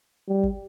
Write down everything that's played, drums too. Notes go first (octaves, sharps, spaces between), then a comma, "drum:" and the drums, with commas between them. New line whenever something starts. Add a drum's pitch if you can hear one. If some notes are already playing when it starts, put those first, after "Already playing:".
G3
drum: kick